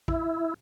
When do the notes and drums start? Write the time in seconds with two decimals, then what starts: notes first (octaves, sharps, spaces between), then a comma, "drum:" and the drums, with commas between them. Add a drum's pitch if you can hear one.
0.08 E4, drum: kick